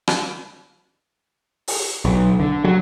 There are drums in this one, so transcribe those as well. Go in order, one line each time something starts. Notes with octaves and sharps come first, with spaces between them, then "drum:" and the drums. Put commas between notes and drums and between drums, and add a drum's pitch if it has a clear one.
drum: rim click
drum: open hi-hat
B1
D3
F#3